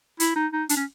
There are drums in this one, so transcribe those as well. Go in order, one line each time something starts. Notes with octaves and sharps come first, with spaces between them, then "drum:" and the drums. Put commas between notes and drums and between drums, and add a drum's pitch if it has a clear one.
E4, drum: hi-hat
D#4
D#4
D4, drum: hi-hat
C#4